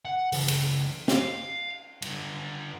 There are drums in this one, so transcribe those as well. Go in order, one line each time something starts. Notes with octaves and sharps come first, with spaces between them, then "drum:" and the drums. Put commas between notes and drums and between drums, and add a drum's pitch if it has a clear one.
F#5
C#2 E3, drum: open hi-hat
drum: cymbal
F5, drum: snare
G2 D3, drum: cymbal